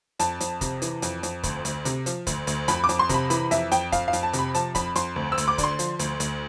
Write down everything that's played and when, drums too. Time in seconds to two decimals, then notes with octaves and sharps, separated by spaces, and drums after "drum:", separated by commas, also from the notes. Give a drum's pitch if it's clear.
0.19 F2 A5, drum: hi-hat
0.40 F2, drum: hi-hat
0.61 C3, drum: kick, hi-hat
0.82 E3, drum: hi-hat
1.02 F2, drum: hi-hat
1.23 F2, drum: hi-hat
1.43 D2, drum: kick, hi-hat
1.65 D2, drum: hi-hat
1.85 C3, drum: hi-hat
2.06 F3, drum: hi-hat
2.27 D2, drum: kick, hi-hat
2.47 D2, drum: hi-hat
2.68 F2 B5, drum: hi-hat
2.84 D6
2.89 F2, drum: hi-hat
2.99 C6
3.09 C3 B5, drum: kick, hi-hat
3.30 E3 B5, drum: hi-hat
3.51 F2 E5, drum: hi-hat
3.71 F2 G5, drum: hi-hat
3.92 F2 F5, drum: kick, hi-hat
4.08 F5
4.13 F2, drum: hi-hat
4.23 A5
4.33 C3, drum: hi-hat
4.39 B5
4.54 F3 A5, drum: hi-hat
4.75 F2 B5, drum: kick, hi-hat
4.95 F2 C6, drum: hi-hat
5.16 D2
5.32 E6
5.38 D2, drum: hi-hat
5.48 D6
5.58 D3, drum: kick, hi-hat
5.64 C6
5.79 F3, drum: hi-hat
5.99 D2, drum: hi-hat
6.20 D2, drum: hi-hat